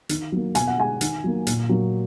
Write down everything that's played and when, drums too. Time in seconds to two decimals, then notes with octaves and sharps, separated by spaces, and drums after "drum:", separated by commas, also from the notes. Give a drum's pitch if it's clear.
0.09 D#3, drum: hi-hat
0.32 F#3 A#3
0.55 B2 G#5, drum: hi-hat
0.67 F#5
0.78 G#3 G#5
1.01 D#3, drum: hi-hat
1.24 F#3 A#3
1.47 A#2, drum: hi-hat
1.69 F#3 A#3